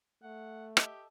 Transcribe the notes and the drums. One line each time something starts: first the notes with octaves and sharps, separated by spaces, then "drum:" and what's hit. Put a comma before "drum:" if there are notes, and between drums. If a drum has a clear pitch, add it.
A3 F#5
G4 A4 D#5 E5, drum: rim click